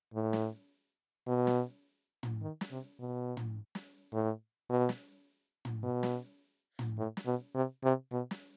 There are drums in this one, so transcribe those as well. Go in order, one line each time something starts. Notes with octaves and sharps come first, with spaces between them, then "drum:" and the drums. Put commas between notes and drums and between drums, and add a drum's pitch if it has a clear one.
A2
drum: snare
B2
drum: snare
drum: tom
D#3
drum: snare
C3
B2
drum: tom
drum: snare
A2
B2
drum: snare
drum: tom
B2
drum: snare
drum: tom
A2
drum: snare
B2
C3
C3
B2
drum: snare